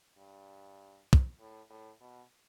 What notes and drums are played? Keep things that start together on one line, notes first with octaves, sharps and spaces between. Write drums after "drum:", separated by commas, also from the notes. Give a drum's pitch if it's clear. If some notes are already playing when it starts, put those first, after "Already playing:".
G2
drum: kick
A2
A2
B2